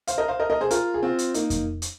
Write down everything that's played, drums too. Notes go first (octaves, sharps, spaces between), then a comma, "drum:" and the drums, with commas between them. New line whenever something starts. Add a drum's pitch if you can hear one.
C5 F5, drum: hi-hat
A#4 D#5
C5 F5
A#4 D#5
A#4 D#5
G#4 C5
F4 A#4, drum: hi-hat
G#4
C4 F4
drum: hi-hat
A#3 D#4, drum: hi-hat
drum: kick F2, hi-hat
drum: hi-hat